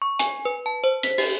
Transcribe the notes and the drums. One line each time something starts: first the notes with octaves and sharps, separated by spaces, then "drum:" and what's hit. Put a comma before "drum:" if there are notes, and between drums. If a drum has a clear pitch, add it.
C#6
G#5, drum: hi-hat
B4
A5
C5
B6, drum: hi-hat
G4, drum: open hi-hat